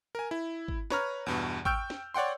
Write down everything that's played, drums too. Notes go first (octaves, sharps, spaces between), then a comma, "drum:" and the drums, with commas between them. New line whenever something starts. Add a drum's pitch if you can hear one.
A#4 G#5
E4
drum: kick G#1
B4 C#5 A#5 F6, drum: snare
E2 G2 B2
G5 C#6 E6 F6 G6 D7, drum: kick G#1
drum: snare
C#5 D5 F#5 G5 C6